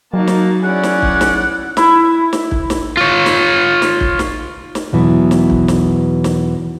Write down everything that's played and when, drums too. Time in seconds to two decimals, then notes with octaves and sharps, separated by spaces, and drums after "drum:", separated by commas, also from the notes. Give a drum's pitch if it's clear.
0.14 F#3 A#3 D#4 F#4 A5
0.27 drum: snare
0.64 C#4 E4 G#4 D5 F#5
0.83 drum: snare
1.02 drum: kick
1.21 drum: snare
1.77 E4, drum: snare
2.33 drum: snare
2.51 drum: kick
2.70 drum: snare
2.97 F4 C#5
3.26 drum: snare
3.82 drum: snare
4.00 drum: kick
4.19 drum: snare
4.75 drum: snare
4.92 E2 B2 E3 F#3
5.31 drum: snare
5.50 drum: kick
5.68 drum: snare
6.24 drum: snare